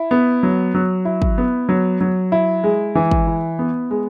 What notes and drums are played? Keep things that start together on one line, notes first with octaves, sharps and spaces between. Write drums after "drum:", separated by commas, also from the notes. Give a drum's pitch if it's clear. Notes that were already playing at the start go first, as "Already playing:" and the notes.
Already playing: E4
B3
F#3
F#3
E4
drum: kick
B3
F#3
F#3
E4
G#3
E3
drum: kick
E4
B3
G#3